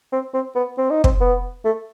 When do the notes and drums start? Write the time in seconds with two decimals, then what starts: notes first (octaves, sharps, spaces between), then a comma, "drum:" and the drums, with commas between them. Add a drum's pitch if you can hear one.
0.12 C4
0.34 C4
0.56 B3
0.78 C4
0.90 D#4
1.04 C4, drum: kick
1.21 B3
1.65 A3